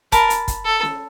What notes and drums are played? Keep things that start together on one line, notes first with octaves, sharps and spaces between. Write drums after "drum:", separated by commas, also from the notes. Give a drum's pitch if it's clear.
A#4 A5 B5, drum: kick, hi-hat
drum: hi-hat
drum: kick, hi-hat
A4
drum: snare C#4